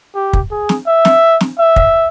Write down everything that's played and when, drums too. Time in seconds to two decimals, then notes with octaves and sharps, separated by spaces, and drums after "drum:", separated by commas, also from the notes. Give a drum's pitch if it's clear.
0.15 G4
0.33 drum: kick
0.51 G#4
0.69 drum: snare
0.87 E5
1.05 drum: snare
1.41 drum: snare
1.59 E5
1.76 drum: kick